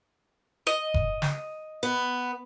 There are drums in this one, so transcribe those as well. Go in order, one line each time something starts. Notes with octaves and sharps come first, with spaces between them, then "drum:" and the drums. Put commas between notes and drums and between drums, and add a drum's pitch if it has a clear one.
D#5
drum: kick F1
drum: snare
B3